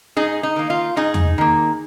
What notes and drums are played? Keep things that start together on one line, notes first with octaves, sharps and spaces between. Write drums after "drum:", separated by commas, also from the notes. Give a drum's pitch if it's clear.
G#2 D#4 G#4
D#4
D#3 A#3
F4
G#2 D#4 G#4
drum: tom E2
D#3 A#3